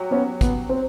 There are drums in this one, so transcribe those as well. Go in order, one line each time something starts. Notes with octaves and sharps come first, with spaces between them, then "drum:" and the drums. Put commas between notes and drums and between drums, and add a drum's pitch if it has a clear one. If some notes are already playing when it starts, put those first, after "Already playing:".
Already playing: F#3 G4
B3 C#4
B3, drum: kick, hi-hat
C4